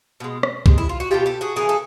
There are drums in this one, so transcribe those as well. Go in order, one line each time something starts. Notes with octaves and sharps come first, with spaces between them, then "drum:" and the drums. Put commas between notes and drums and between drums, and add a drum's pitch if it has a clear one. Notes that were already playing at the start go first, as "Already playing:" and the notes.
B2 G#3
drum: rim click
C3 D#3 G#3, drum: kick B1
E4
F4
F#4
B2 F#3 A3 F4 G4
G4 A4
F#4 G#4
C#3 E3 A3 G#4 A#4
A4